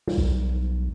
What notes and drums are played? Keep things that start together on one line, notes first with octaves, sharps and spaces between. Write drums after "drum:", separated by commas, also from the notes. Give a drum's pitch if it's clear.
drum: tom
B1